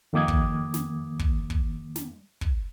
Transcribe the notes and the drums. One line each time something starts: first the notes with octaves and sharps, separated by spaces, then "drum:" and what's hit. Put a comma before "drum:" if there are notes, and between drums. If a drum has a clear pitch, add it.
F2 D#3 A#3 D6 D#6 G#6
drum: kick
drum: snare
drum: kick
drum: kick
drum: snare
drum: kick